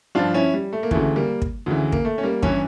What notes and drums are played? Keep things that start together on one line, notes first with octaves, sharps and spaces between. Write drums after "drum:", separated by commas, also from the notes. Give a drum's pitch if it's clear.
G2 F3 D4 F4
C#4 E4
G3
A3
A#3
D2 C#3 E3 A3, drum: kick
G3 A#3
drum: kick
D2 C#3 E3
A#3, drum: kick
A3
C#4
G3 A#3
G2 E3 C#4 E4, drum: kick